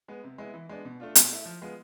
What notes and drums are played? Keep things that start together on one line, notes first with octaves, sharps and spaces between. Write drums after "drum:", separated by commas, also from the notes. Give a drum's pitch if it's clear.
G#3 B3
C3
G#3 B3 E4
E3
G#3 B3 D4
B2
A3 D4 F4
B2, drum: hi-hat
A3 E4
F3
G#3 B3 F4